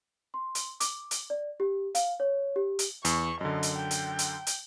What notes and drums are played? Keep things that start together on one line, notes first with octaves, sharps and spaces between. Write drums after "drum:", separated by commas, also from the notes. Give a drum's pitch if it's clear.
C6
drum: hi-hat
D6, drum: hi-hat
drum: hi-hat
D5
G4
F5, drum: hi-hat
C#5
G4
drum: hi-hat
E2 C#6, drum: hi-hat
F#2 D3 D#5
drum: hi-hat
G5
drum: hi-hat
drum: hi-hat
drum: hi-hat